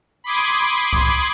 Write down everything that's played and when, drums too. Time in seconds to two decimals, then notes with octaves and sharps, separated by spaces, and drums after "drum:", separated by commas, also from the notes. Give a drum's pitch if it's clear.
0.24 B5 C6 D6 D#6 G#6
0.93 drum: kick C2